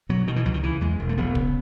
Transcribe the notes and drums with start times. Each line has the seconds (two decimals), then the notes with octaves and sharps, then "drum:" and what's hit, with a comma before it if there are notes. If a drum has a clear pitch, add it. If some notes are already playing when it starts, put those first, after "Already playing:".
0.09 B2 F#3
0.27 B2 D#3
0.36 E3
0.45 C#2 F#3
0.54 D#3
0.63 C#3 E3
0.81 E2 G#3
0.99 E1
1.09 A3
1.18 E1 B3
1.35 C#3, drum: kick